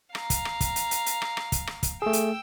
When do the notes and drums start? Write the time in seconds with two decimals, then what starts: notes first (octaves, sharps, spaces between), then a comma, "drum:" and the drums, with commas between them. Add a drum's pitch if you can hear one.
0.15 F5 A#5, drum: rim click
0.30 drum: kick, hi-hat
0.45 drum: rim click
0.61 drum: kick, hi-hat
0.76 drum: hi-hat
0.91 drum: hi-hat
1.06 drum: hi-hat
1.22 drum: rim click
1.37 drum: rim click
1.52 drum: kick, hi-hat
1.67 drum: rim click
1.83 drum: kick, hi-hat
2.02 A3 G#4 G5 E6
2.13 drum: hi-hat